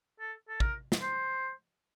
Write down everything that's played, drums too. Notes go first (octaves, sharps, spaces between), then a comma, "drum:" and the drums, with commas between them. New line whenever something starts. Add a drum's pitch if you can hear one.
A4
A4
A#4, drum: kick A1
drum: snare
C5